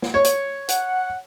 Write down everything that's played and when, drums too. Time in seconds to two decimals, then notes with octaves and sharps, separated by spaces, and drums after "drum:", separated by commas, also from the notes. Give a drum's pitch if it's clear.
0.02 drum: snare
0.14 C#5
0.24 drum: hi-hat
0.68 F#5, drum: hi-hat